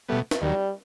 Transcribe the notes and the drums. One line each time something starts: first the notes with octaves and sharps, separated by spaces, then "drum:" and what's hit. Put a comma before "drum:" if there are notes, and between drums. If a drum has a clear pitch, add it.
B2 G3 A3 B3
drum: snare
D#2 D#3 F#3 G3